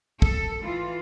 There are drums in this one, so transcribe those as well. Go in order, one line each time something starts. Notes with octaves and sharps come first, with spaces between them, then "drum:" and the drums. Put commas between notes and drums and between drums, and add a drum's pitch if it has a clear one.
A4, drum: kick
E3 F4